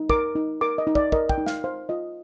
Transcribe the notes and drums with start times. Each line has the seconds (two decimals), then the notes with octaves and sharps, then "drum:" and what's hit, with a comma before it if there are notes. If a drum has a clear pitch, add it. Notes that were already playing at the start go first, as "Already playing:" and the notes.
Already playing: D#4
0.09 A#4 D6, drum: kick
0.35 D#4
0.61 A#4 D6
0.78 D#5
0.87 D#4
0.95 D5, drum: kick
1.12 A#4 D#5, drum: kick
1.29 G5, drum: kick
1.38 D#4
1.46 F5, drum: snare
1.64 C5 F5
1.89 F4 D#5